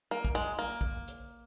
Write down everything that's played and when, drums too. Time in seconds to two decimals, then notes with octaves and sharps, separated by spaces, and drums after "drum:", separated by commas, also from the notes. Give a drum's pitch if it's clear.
0.11 A#3
0.25 drum: kick
0.35 G#3
0.59 A#3
0.81 drum: kick
1.08 drum: hi-hat